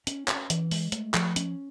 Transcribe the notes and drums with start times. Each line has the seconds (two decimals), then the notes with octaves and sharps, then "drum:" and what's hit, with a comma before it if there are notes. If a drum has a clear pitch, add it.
0.07 C#4, drum: hi-hat
0.28 C#4, drum: clap
0.50 E3, drum: hi-hat
0.71 G#3, drum: open hi-hat
0.92 A3, drum: hi-hat
1.14 F3, drum: clap
1.36 C#4, drum: hi-hat